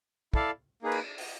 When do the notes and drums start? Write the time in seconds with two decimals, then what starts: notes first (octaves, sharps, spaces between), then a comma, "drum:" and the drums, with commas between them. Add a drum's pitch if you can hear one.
0.34 E4 A4 D5 F5 A5, drum: kick
0.82 A#3 D#4 G#4 B4
0.92 drum: cymbal
1.18 drum: open hi-hat